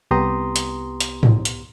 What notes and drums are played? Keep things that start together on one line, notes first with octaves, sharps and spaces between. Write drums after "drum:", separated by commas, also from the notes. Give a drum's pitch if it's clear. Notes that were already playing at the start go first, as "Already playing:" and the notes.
C2 B3 G4 A#5 C6 D#6
drum: hi-hat
drum: hi-hat
drum: tom G#2
drum: hi-hat